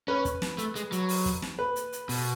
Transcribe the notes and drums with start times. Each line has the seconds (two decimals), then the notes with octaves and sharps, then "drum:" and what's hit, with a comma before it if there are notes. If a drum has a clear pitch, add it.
0.08 C#4 B4
0.25 drum: kick, hi-hat
0.42 drum: snare
0.58 A3, drum: hi-hat
0.75 G#3, drum: hi-hat
0.92 F#3, drum: hi-hat
1.09 drum: open hi-hat
1.26 drum: kick, hi-hat
1.42 drum: snare
1.59 B4
1.76 drum: hi-hat
1.93 drum: hi-hat
2.09 B2, drum: open hi-hat